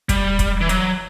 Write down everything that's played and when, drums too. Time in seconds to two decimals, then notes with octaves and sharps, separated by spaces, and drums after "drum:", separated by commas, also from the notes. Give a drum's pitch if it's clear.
0.09 G3, drum: kick, hi-hat
0.39 drum: kick, hi-hat
0.61 E3
0.69 F#3, drum: hi-hat